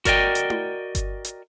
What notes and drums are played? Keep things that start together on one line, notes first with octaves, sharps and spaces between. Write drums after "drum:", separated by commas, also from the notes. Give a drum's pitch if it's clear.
F#4 A#4 D5 D#5 G5, drum: kick G1, hi-hat
drum: hi-hat
drum: tom E4
drum: kick G1, hi-hat
drum: hi-hat